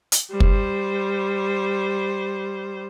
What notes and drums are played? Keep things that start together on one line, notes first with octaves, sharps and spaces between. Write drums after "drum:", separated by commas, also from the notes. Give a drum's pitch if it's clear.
drum: hi-hat
G3 C5
drum: kick